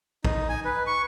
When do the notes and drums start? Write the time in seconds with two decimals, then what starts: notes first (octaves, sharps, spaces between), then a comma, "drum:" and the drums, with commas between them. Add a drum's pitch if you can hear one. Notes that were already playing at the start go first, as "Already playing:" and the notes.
0.25 D#4, drum: kick
0.49 G#5
0.65 B4
0.87 C#6